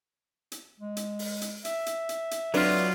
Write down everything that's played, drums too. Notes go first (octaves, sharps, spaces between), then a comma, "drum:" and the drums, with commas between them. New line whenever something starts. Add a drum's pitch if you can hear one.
drum: hi-hat
G#3
drum: hi-hat
drum: open hi-hat
drum: hi-hat
E5, drum: hi-hat
drum: hi-hat
drum: hi-hat
drum: hi-hat
F#3 C4 D4 F4 B4, drum: open hi-hat